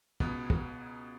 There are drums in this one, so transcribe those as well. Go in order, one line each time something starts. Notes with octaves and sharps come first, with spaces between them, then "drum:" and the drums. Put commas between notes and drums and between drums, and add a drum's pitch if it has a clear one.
C#2 B2 B3, drum: kick
drum: kick